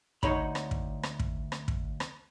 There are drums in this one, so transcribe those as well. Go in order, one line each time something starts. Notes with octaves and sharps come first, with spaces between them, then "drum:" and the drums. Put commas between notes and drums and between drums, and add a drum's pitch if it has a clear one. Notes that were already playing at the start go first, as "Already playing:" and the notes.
D2 D#4 C#5 B5, drum: kick
drum: rim click
drum: kick
drum: rim click
drum: kick
drum: rim click
drum: kick
drum: rim click